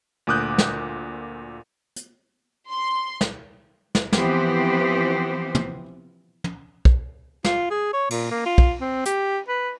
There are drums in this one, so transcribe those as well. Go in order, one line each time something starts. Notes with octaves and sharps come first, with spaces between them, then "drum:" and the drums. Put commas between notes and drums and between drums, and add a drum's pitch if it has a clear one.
D2 A#2 D6 D#6 F#6 G6
drum: snare
drum: hi-hat
C6
drum: snare
drum: snare
E3 F3 B3 C4 G4 C5, drum: snare
drum: tom
drum: tom
drum: kick
F4, drum: snare
G#4
C#5
A#2, drum: cymbal
A#3
F4
drum: kick
C4
G4, drum: hi-hat
B4